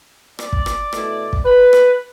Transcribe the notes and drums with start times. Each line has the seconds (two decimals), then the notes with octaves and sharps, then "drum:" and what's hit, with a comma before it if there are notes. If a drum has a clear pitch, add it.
0.39 D5, drum: rim click
0.53 drum: kick
0.66 drum: rim click
0.93 B2 A3 E4, drum: rim click
1.33 drum: kick
1.45 B4
1.73 drum: rim click